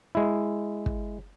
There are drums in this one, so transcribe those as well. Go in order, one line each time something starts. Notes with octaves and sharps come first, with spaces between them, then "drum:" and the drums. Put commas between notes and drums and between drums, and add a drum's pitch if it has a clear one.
G#3 E4
drum: kick